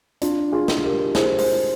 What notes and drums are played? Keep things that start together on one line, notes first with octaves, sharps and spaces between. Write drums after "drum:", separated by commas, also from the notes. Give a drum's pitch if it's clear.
D4 F4, drum: hi-hat
F4 G#4
drum: snare
G4 A#4
G#4 C5, drum: snare
G#4 C5, drum: open hi-hat